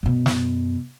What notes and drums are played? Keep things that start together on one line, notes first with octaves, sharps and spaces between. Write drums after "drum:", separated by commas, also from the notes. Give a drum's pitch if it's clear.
F#2 B2
drum: snare